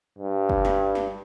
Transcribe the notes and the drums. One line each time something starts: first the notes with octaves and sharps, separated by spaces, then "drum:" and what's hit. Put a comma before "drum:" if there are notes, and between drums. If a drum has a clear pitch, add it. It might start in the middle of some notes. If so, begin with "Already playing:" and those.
G2
drum: kick
drum: snare
drum: snare